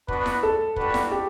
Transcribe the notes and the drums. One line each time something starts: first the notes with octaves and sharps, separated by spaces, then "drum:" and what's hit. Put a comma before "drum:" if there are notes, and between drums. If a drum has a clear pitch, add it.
B3 D4 F#4 B4, drum: kick
drum: snare E4
A4
G3 D4 F#4 B4, drum: kick
drum: snare E4
G4